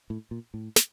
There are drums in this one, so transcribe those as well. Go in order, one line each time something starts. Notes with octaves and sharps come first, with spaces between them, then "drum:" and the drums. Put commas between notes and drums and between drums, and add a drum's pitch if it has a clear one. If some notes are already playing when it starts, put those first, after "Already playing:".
A2
A#2
A2
drum: snare